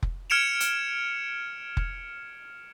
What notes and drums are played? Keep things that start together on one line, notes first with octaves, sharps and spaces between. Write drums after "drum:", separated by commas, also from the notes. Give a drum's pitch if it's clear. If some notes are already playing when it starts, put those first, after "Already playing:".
drum: kick F1
F6 G#6 C#7 D7 E7 F7
drum: hi-hat
drum: kick F1